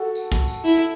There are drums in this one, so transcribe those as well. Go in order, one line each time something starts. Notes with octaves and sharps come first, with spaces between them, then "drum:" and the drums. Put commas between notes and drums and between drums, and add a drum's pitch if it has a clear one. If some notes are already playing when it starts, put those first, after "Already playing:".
Already playing: F#4 A4
drum: tambourine
drum: kick, tambourine
drum: tambourine
E4, drum: tambourine